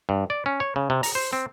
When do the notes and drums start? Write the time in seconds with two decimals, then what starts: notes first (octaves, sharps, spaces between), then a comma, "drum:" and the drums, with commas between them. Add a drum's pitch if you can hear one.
0.09 G2
0.30 D5
0.46 C#4
0.60 C#5
0.76 C#3
0.90 C3
1.03 A#5, drum: open hi-hat
1.15 C5
1.33 C4